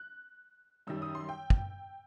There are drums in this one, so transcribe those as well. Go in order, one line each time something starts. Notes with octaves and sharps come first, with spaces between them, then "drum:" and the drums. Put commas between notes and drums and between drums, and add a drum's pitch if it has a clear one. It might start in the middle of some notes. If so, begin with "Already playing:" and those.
Already playing: F#6
F#2 D#3 G3 E6
D#6
C6
G5
drum: kick